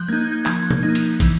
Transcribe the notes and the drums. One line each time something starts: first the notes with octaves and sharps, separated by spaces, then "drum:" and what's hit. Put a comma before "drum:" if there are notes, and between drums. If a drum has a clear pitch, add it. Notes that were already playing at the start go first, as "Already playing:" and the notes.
Already playing: F3 F#6 G6
A#3 D#4 G#6
F3 G#6, drum: clap
drum: tom B2
A#3 D#4
drum: cymbal
E3, drum: kick, cymbal